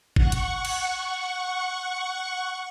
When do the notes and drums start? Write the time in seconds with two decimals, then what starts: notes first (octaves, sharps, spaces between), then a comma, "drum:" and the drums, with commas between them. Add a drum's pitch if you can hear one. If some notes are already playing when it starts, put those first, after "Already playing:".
0.16 F#5 C#6, drum: kick G1
0.32 drum: hi-hat
0.65 drum: cymbal